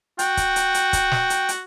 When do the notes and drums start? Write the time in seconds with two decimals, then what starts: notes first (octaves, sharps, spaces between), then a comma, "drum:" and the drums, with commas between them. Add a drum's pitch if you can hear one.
0.19 F#4 G5, drum: hi-hat
0.37 drum: kick, hi-hat
0.56 drum: hi-hat
0.74 drum: hi-hat
0.93 drum: kick, hi-hat
1.11 drum: snare
1.30 drum: hi-hat
1.49 drum: hi-hat